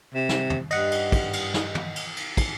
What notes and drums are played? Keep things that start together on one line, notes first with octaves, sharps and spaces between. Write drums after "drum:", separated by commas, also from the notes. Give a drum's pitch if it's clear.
C3
drum: snare
drum: tom
G2 D#5 F#5, drum: cymbal
drum: cymbal
drum: kick, cymbal
drum: cymbal
drum: snare
drum: tom
drum: cymbal
drum: cymbal
drum: kick, cymbal